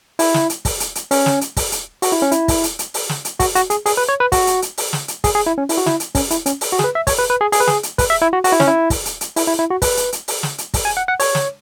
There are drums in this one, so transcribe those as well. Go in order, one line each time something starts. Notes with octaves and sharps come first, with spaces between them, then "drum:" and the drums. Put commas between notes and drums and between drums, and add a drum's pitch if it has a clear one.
E4, drum: open hi-hat
drum: snare
drum: hi-hat
drum: kick, open hi-hat
drum: hi-hat
drum: hi-hat
C#4, drum: open hi-hat
drum: snare
drum: hi-hat
drum: kick, open hi-hat
drum: hi-hat
F#4, drum: open hi-hat
E4
C#4
E4, drum: hi-hat
drum: kick, open hi-hat
drum: hi-hat
drum: hi-hat
drum: open hi-hat
drum: snare
drum: hi-hat
F#4, drum: kick, open hi-hat
F#4, drum: hi-hat
G#4, drum: hi-hat
G#4, drum: open hi-hat
B4
C#5
B4
F#4, drum: kick, open hi-hat
drum: hi-hat
drum: hi-hat
drum: open hi-hat
drum: snare
drum: hi-hat
G#4, drum: kick, open hi-hat
G#4
E4
C#4
E4, drum: open hi-hat
F#4
E4, drum: snare
drum: hi-hat
C#4, drum: kick, open hi-hat
E4, drum: hi-hat
C#4, drum: hi-hat
drum: open hi-hat
F#4
G#4, drum: snare
B4
E5
C#5, drum: kick, open hi-hat
B4
B4
G#4
G#4, drum: open hi-hat
B4
G#4, drum: snare
drum: hi-hat
B4, drum: kick, open hi-hat
E5
E4
F#4
F#4, drum: open hi-hat
E4
C#4, drum: snare
E4
drum: kick, open hi-hat
drum: hi-hat
drum: hi-hat
E4, drum: open hi-hat
E4
E4
F#4
B4, drum: kick, open hi-hat
drum: hi-hat
drum: hi-hat
drum: open hi-hat
drum: snare
drum: hi-hat
drum: kick, open hi-hat
G#5
F#5
F#5
C#5, drum: open hi-hat
drum: snare